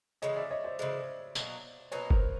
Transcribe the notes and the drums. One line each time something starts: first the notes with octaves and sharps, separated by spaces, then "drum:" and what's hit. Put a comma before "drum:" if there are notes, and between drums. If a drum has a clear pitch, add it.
C#3 E3 G#3 C#5 D#5
D5 E5
C#5 D#5
C5 D5
C#3 E3 G#3 C5 D5
B2 F#3 A#3 D#4, drum: tambourine
B2 F#3 A#3 D#4 B4 C#5
A#4 C5, drum: kick F#1